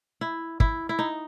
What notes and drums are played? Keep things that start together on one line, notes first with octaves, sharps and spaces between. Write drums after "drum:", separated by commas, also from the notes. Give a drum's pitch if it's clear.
E4
E4, drum: kick
E4
D#4